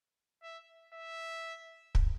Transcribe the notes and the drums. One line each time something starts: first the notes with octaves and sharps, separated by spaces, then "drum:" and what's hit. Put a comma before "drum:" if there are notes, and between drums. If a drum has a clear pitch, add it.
E5
E5
drum: kick